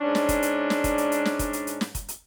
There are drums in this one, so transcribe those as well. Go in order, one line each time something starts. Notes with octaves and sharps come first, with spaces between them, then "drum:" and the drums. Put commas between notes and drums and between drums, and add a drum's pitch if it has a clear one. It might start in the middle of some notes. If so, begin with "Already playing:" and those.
G#2 C#4 D4
drum: snare
drum: kick, hi-hat
drum: hi-hat
drum: snare
drum: kick, hi-hat
drum: hi-hat
drum: hi-hat
drum: snare
drum: kick, hi-hat
drum: hi-hat
drum: hi-hat
drum: snare
drum: kick, hi-hat
drum: hi-hat